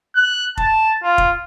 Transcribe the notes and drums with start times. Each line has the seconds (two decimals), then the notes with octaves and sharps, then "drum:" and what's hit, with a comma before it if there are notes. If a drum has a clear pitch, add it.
0.16 F#6
0.57 A5, drum: kick
1.03 F4
1.18 drum: kick